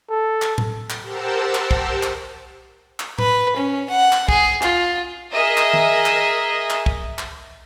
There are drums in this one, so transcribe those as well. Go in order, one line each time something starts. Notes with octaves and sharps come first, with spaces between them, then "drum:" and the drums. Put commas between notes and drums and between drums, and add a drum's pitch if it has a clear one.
A4
drum: clap
drum: tom A2
drum: clap
G4 A#4 C5 F#5 A5 E6
drum: clap
drum: kick
drum: clap
drum: clap
B4, drum: tom A2
C#4
F#5
drum: clap
G#4, drum: kick
F4, drum: clap
G#4 A#4 D#5 E5
drum: clap
drum: tom
drum: clap
drum: clap
drum: kick
drum: clap